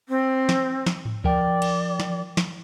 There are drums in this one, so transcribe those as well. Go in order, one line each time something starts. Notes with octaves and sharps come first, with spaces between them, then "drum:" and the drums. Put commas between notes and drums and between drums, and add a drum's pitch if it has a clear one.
C4
drum: snare
drum: snare
drum: tom G#2
F3 A#4 D5 G5, drum: kick
drum: cymbal
drum: snare
drum: snare